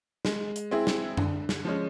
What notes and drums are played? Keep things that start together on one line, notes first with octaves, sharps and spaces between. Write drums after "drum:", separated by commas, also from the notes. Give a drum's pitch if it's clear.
G#3, drum: snare
drum: hi-hat
C4 E4 G#4
drum: snare
D3, drum: tom F#2
drum: snare
F3 G#3 C#4